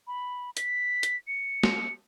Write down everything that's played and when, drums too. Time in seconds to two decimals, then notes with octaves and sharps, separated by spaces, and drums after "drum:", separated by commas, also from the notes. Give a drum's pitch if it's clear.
0.07 B5
0.57 B6, drum: hi-hat
1.03 drum: hi-hat
1.27 C#7
1.63 drum: snare